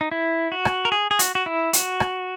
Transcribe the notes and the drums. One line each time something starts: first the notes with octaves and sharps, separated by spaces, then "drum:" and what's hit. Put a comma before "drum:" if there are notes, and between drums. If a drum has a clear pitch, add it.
D#4
E4
F#4
drum: rim click
A#4
G#4
G#4
F#4, drum: hi-hat
F#4
E4
F#4, drum: hi-hat
drum: rim click